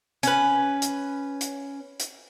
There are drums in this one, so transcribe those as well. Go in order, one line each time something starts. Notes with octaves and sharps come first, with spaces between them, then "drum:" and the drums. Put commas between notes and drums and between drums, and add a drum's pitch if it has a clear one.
C#4 B4, drum: hi-hat
drum: hi-hat
drum: hi-hat
drum: hi-hat